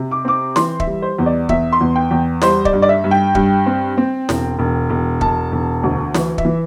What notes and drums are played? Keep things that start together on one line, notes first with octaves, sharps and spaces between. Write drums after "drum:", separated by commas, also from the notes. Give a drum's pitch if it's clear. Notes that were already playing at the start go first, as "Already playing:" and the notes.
Already playing: C3
D6
C4 D6
E3 C6, drum: snare
E5, drum: kick
G3
C5
E2
D5
E2 E5, drum: kick
C6
E2
G5
E2
G3 C5, drum: snare
D5, drum: kick
G2
D5
E5
G2
G5
G2, drum: kick
C4
C4
E1, drum: snare
E1
E1
E1 A5, drum: kick
E1
D2
E3, drum: snare
E5, drum: kick
E3